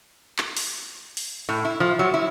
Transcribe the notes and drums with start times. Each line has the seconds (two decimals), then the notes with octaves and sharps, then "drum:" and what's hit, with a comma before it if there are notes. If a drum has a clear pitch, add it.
0.38 drum: clap
0.57 drum: open hi-hat
1.17 drum: open hi-hat
1.49 A2
1.65 E4
1.80 F3
1.99 F#3
2.14 E4